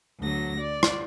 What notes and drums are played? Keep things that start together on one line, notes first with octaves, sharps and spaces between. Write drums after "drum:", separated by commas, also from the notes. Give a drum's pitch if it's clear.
D2 F#3 A#6
D5
drum: rim click